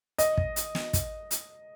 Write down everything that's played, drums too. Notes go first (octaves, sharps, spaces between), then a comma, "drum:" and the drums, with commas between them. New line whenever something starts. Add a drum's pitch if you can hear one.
D#5, drum: hi-hat
drum: kick
drum: hi-hat
drum: snare
drum: kick, hi-hat
drum: hi-hat